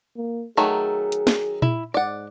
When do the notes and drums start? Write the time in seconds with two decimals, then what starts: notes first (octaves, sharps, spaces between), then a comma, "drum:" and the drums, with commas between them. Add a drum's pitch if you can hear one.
0.16 A#3
0.57 D#3 F#3 A3 G#4
1.12 drum: hi-hat
1.27 drum: snare
1.62 E4, drum: tom A#2
1.94 G#2 D5 F#5